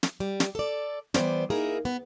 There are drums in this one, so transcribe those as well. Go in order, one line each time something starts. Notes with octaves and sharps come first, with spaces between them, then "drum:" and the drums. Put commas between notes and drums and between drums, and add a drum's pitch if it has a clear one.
drum: snare
G3
drum: snare
A4 D5
E3 G3 B3 C5 D5, drum: snare
A#3 D#4 E4 G#4 A#4
B3